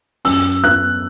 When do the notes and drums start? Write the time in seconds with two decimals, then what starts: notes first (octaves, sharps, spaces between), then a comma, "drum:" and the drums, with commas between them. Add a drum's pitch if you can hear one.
0.25 F#2 E6, drum: open hi-hat
0.63 B3 F#6